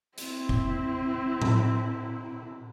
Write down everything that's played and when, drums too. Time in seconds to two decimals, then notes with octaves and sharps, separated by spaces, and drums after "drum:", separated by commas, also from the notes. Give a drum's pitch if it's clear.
0.18 C4 E4, drum: hi-hat
0.49 drum: kick F1
1.42 drum: tom A2